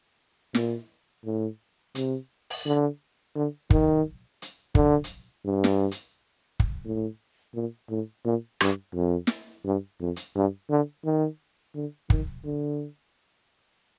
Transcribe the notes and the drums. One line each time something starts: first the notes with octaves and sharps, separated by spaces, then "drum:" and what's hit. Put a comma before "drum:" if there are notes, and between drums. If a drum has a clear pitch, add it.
A#2, drum: snare
A2
C3, drum: hi-hat
drum: open hi-hat
D3
D3
D#3, drum: kick
drum: hi-hat
D3, drum: kick
drum: hi-hat
G2
drum: snare
drum: hi-hat
drum: kick
A2
A#2
A2
A#2
G2, drum: rim click
F2
drum: snare
G2
F2
drum: hi-hat
G2
D3
D#3
D3
D#3, drum: kick
D3